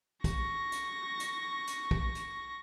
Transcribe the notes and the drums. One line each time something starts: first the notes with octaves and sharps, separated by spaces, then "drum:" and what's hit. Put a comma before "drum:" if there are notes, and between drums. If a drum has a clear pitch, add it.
C#6 A#6, drum: kick, hi-hat
drum: hi-hat
drum: hi-hat
drum: hi-hat
drum: kick
drum: hi-hat